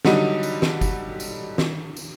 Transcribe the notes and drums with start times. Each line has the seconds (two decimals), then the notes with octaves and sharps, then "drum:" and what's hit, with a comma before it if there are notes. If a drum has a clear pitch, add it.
0.05 D3 F#3 G3 D#4 D#7, drum: snare
0.43 drum: tambourine
0.62 drum: snare
0.81 drum: kick F#1, tambourine
1.20 drum: tambourine
1.58 drum: snare
1.97 drum: tambourine